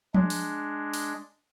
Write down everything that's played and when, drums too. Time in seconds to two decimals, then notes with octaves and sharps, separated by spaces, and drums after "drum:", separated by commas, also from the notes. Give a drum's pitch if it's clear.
0.14 G#3 D4, drum: tom F3
0.30 drum: open hi-hat
0.94 drum: open hi-hat